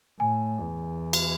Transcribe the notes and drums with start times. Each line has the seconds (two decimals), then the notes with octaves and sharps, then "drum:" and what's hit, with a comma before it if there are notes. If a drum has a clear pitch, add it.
0.20 A2 G#5
0.60 E2
1.13 drum: cymbal